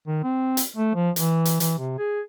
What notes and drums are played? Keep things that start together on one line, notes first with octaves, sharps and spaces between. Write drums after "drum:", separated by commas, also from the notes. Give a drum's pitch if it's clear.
D#3
C4
drum: hi-hat
A3
F3
E3, drum: hi-hat
drum: hi-hat
E3, drum: hi-hat
C3
G#4